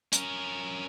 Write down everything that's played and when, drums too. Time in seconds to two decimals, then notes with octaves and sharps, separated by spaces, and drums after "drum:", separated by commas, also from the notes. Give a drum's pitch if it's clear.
0.13 C#4 A#4, drum: hi-hat